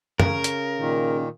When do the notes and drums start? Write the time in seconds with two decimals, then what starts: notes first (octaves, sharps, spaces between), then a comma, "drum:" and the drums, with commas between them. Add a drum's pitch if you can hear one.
0.20 C#3 A#4, drum: tom
0.44 drum: hi-hat
0.78 A#2 D#3